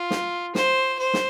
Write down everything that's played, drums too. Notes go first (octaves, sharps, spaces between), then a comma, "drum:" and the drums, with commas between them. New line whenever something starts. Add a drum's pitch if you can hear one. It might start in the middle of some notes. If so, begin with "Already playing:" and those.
Already playing: F4
drum: snare
C5, drum: snare
C5
drum: snare